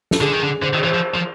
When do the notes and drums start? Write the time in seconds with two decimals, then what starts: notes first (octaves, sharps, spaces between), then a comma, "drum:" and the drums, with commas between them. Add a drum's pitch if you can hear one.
0.11 A4, drum: snare
0.21 D3 G#4
0.32 D#3
0.44 D3
0.62 D3 C5
0.73 D#3, drum: cymbal
0.83 E3 C5
0.94 F3
1.14 F3